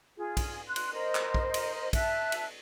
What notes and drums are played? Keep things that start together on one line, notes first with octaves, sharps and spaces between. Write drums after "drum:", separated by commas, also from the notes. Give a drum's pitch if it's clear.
F4 G#4
drum: kick, cymbal
C6 F#6
drum: cymbal
A#4 C5 D#5
drum: clap
drum: kick
drum: cymbal
E5 A5 F#6, drum: kick, cymbal
drum: cymbal